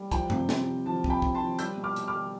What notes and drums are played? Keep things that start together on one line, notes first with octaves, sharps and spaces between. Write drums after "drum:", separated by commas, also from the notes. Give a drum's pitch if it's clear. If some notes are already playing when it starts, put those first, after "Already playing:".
Already playing: G3
F3 G5, drum: kick, hi-hat
C3, drum: tom F#2
C3, drum: snare
F3
F3 A5
C3, drum: kick
G5 B5
C3, drum: kick
A5 C6
F3
G3 E6 G6, drum: hi-hat
B2
D6 F6
B2, drum: hi-hat
D6 F6
G3